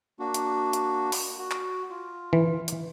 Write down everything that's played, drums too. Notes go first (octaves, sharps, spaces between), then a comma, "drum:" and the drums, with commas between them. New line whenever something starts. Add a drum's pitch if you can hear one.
A#3 D4 F#4
drum: hi-hat
drum: hi-hat
drum: open hi-hat
F#4
drum: clap
F4
E3
drum: hi-hat